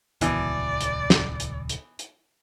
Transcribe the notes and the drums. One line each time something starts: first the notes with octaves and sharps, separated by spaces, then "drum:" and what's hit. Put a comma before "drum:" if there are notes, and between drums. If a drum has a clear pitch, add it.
D#1 C#2 B2 E3 D5, drum: hi-hat
drum: hi-hat
drum: snare
drum: hi-hat
drum: hi-hat
drum: hi-hat